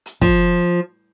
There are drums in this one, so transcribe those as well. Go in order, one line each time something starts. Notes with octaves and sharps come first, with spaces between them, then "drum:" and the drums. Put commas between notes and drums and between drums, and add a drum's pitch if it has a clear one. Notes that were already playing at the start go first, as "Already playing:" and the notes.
drum: hi-hat
F3, drum: kick